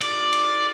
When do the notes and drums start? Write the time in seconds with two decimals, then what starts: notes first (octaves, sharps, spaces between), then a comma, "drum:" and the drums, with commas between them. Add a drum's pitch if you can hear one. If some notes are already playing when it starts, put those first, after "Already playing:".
0.01 D5, drum: cymbal
0.33 drum: cymbal